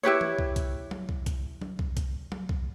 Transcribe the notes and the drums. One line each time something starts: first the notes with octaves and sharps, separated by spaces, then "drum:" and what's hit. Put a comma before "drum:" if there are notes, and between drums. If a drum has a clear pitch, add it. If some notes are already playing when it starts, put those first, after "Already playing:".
E4 G4 B4 C#5
drum: tom E3
drum: kick
drum: kick, hi-hat
drum: tom F#3
drum: kick
drum: kick, hi-hat
drum: tom F#3
drum: kick
drum: kick, hi-hat
drum: tom F#3
drum: kick